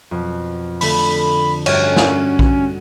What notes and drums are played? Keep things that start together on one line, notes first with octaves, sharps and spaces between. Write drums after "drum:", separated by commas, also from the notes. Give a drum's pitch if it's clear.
F2 B2
D3 A3 B5, drum: open hi-hat
G2 C#4 F#4 F6, drum: cymbal
drum: snare
drum: kick A#1